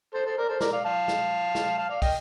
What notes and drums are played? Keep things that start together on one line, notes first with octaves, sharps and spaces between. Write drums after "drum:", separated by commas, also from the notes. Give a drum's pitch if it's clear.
A4 C5
A4 C5
A#4 D5
A4 C5
A#4 D5, drum: snare
D5 F5
F5 A5
drum: snare
drum: snare
F5 A5
D5 F5
D#5 G5, drum: kick, open hi-hat